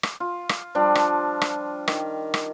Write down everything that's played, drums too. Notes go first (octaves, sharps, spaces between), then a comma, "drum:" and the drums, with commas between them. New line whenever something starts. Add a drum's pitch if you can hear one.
drum: rim click
F4
drum: rim click
F3 G3 D4
drum: rim click
drum: rim click
D#3, drum: rim click
drum: rim click